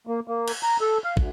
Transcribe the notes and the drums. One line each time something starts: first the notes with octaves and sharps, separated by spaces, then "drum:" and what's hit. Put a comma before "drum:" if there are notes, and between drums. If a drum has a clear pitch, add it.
A#3
A#3
drum: cymbal
A#5
A4
F5
D2, drum: kick